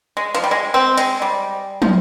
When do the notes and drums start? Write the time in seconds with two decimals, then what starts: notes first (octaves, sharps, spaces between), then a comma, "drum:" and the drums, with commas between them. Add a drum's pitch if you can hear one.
0.17 G#3
0.35 F3, drum: hi-hat
0.44 G3
0.51 G#3
0.74 C4
0.98 G#3, drum: hi-hat
1.22 G3
1.82 F3, drum: tom